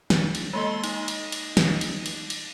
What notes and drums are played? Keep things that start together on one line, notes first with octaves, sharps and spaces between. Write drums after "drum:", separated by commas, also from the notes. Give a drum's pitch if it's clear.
drum: snare
drum: cymbal
G#3 A#3 A4 D#5 C6
D#4 D#5, drum: cymbal
drum: cymbal
drum: cymbal
drum: snare
drum: cymbal
drum: cymbal
drum: cymbal